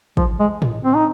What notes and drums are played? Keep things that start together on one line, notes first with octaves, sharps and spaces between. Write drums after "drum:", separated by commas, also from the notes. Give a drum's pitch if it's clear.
F3, drum: kick
G#3
drum: tom A2
C4
D#4